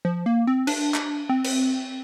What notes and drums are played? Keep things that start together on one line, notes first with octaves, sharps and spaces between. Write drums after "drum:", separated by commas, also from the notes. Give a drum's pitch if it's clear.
F3
A#3
C4
D4, drum: cymbal
drum: clap
C4
drum: cymbal